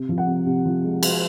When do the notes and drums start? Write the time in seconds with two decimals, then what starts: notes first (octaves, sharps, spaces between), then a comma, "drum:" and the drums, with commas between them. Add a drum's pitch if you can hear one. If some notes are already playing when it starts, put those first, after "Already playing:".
Already playing: C3
0.09 F3
0.18 F#5
0.27 C3
0.46 C3
0.65 F3
0.84 G#3
1.03 G#3, drum: cymbal